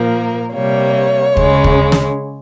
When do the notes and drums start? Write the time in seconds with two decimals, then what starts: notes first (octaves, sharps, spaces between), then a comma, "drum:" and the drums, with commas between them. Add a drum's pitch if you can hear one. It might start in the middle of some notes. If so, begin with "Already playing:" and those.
Already playing: A#2 F3 A#3 A#4
0.52 C3 G3 A#3 C#5
1.37 C#3 G#3, drum: kick
1.64 drum: kick
1.92 drum: snare